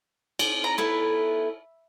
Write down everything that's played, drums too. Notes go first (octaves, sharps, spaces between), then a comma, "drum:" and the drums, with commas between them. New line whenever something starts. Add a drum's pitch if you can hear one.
C4, drum: cymbal
A#5
B3 E4 A4 A#5